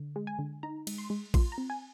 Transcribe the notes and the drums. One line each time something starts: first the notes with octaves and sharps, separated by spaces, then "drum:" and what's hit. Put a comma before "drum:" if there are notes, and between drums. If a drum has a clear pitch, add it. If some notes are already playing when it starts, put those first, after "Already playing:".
Already playing: D3
G#3
G#5
D3
D#4 A#5
G#3, drum: cymbal
C6
G#3
F4 C6, drum: kick A#1, cymbal
A#5
C4
G#5